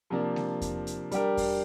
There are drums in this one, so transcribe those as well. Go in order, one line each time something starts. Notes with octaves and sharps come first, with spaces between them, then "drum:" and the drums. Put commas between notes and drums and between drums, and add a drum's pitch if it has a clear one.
C3 F3 A#3 D4
drum: snare G#3
drum: kick E2, hi-hat
drum: hi-hat
G3 D4 G4 A#4, drum: hi-hat
drum: kick E2, open hi-hat